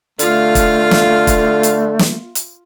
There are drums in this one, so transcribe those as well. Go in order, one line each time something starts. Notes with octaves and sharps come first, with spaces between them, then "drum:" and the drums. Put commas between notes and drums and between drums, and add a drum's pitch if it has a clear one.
D3 A3 F4 F5, drum: hi-hat
drum: kick, hi-hat
drum: snare
drum: kick, hi-hat
drum: hi-hat
drum: snare
drum: hi-hat